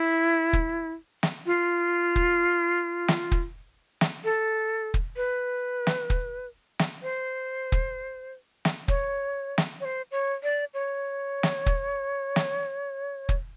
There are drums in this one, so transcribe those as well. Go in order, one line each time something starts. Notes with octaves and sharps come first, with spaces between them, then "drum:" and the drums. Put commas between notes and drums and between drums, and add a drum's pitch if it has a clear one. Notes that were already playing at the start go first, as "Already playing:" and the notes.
Already playing: E4
drum: kick
drum: snare
F4
drum: kick
drum: snare
drum: kick
drum: snare
A4
drum: kick
B4
drum: snare
drum: kick
drum: snare
C5
drum: kick
drum: snare
C#5, drum: kick
drum: snare
C#5
C5
C#5
D5
C#5
drum: snare
drum: kick
drum: snare
drum: kick